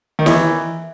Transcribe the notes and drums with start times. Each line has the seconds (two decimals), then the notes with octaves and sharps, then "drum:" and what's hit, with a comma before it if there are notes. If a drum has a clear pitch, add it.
0.19 D#3
0.26 E3, drum: snare